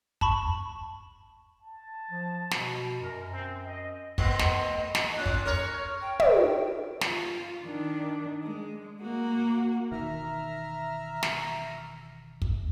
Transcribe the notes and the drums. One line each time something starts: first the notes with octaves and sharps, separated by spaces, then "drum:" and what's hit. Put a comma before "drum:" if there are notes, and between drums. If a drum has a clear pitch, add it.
A5 B5 C#6, drum: kick
A5
F3
B2, drum: snare
F#2 A#4
C4
D#5
A3 B3 C4 D#5, drum: kick
drum: snare
drum: snare
A#2 C#4 F#6
drum: kick
A#4 C#5 F6
G5
drum: tom
F4, drum: snare
D#3 D4
G#3
A#3 F#4
E1 D#3 E5 A#5 F6
drum: snare
drum: kick